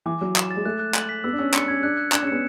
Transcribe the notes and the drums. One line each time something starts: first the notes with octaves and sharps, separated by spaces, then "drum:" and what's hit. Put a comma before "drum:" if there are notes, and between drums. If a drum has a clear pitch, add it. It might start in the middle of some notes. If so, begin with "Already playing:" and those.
E3 D6
F#3 D6
E7, drum: clap
A6
G#3
A3 F#6
F#6
F#7, drum: clap
B6
B3 E6
D4
C#4 E6
D4 C#7, drum: clap
C#4 G#6
D4 F#6
F#6
D4 E7, drum: clap
C#4
B3 C#7